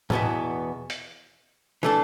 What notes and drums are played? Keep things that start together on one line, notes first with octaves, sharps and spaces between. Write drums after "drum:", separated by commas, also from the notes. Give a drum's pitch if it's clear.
E2 B2 B3 E4, drum: tom
drum: hi-hat
E3 A3 D4 A4